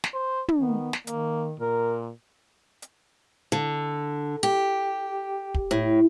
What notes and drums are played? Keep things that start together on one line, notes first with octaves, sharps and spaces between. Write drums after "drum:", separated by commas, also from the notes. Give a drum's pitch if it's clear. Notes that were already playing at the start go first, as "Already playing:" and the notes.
drum: snare
C5
drum: tom
D#3 B3
drum: snare
D#3 A#3, drum: hi-hat
A#2 A#4
drum: hi-hat
D3
G4
drum: kick
A2